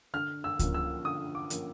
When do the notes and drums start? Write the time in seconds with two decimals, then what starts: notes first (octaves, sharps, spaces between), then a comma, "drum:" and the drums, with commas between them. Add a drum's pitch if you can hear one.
0.13 D3 F6
0.44 E6
0.59 F3 A#3 C#4, drum: kick C#2, hi-hat
0.74 E6
1.04 D3 D#6
1.35 D6
1.50 F3 A#3 C#4, drum: hi-hat